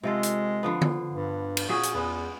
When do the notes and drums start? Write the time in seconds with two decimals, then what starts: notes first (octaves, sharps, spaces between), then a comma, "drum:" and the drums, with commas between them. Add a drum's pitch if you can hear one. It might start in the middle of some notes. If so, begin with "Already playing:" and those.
0.03 C3 G#3 F4 A4
0.23 drum: hi-hat
0.63 D3 F3 B3
0.82 drum: tom D3
1.12 G2
1.57 drum: cymbal
1.69 A#2 C#4 F#4 G#4
1.83 drum: hi-hat
1.95 E2 G#3 B3